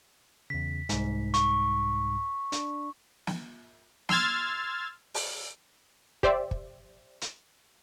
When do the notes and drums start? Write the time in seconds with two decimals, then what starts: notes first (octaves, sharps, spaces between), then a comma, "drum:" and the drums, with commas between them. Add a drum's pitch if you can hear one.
0.50 E2 C#3 B6
0.89 C2 G#2, drum: hi-hat
1.34 C#6, drum: hi-hat
2.52 D4, drum: hi-hat
3.27 drum: snare
4.09 C6 E6 F6 G#6 A6, drum: snare
5.14 drum: open hi-hat
6.23 G4 C5 D5 E5, drum: kick
6.51 drum: kick
7.21 drum: hi-hat